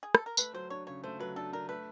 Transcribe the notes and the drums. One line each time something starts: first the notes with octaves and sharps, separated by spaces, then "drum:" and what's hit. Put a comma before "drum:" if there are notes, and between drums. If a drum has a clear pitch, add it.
G#4
A4, drum: rim click
A#4
A3 B4, drum: tambourine
F#3 C5
D4 C#5
C#3 C#5
A3 C5
F#3 B4
D4 A4
D4 A#4
A3 B4